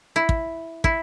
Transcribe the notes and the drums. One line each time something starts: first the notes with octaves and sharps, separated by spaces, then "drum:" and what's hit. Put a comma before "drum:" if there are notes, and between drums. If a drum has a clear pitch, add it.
E4
drum: kick
E4, drum: kick